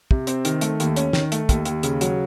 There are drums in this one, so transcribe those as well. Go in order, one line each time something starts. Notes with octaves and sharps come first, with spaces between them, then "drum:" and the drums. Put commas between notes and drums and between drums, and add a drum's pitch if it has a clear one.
C3, drum: kick
C4, drum: hi-hat
D#3, drum: hi-hat
A3, drum: hi-hat
D#2, drum: hi-hat
C#4, drum: hi-hat
D#3, drum: snare
A3, drum: hi-hat
D#2, drum: kick, hi-hat
D#2, drum: hi-hat
C#3, drum: hi-hat
F#3, drum: hi-hat